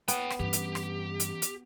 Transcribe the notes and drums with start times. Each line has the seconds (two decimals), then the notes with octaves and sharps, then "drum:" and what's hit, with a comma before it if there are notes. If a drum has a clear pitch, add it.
0.08 B3 C#5 G5, drum: hi-hat
0.30 drum: rim click
0.40 G2 E3 C#4 G4
0.53 drum: hi-hat
0.75 drum: rim click
1.20 drum: hi-hat
1.42 drum: hi-hat